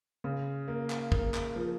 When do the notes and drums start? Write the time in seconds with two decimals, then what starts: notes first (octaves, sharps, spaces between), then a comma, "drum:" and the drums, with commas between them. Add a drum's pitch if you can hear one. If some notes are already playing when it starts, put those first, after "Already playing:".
0.24 C#3
0.68 A#3
0.90 drum: clap
1.12 A#3, drum: kick
1.34 drum: clap
1.56 F3